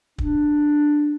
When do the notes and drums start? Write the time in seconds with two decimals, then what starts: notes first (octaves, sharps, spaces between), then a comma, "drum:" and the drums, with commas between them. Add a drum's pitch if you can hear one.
0.18 D4, drum: kick